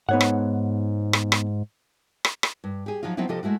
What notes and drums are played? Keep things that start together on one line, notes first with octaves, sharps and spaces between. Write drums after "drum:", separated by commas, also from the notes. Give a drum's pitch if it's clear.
G#2 B3 C#5 F#5
drum: rim click
drum: rim click
drum: rim click
drum: rim click
drum: rim click
G2
G4 G#4
F3 F#3 D#4 F4
F3 F#3 B3 C4 D#4 E4
C3 F3 F4 G4 A4 D#5
G#3 A3 E4 F#4